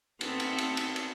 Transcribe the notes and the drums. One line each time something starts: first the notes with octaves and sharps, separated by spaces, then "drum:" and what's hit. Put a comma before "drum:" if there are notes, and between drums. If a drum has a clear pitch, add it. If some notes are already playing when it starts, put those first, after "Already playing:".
B3 C4 A4, drum: cymbal
drum: cymbal
drum: cymbal
drum: cymbal
drum: cymbal